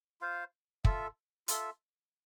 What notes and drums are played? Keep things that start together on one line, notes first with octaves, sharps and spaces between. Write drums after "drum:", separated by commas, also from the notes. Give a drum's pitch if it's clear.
F4 C5 F5
F4 A4 E5, drum: kick
F4 A4 E5, drum: hi-hat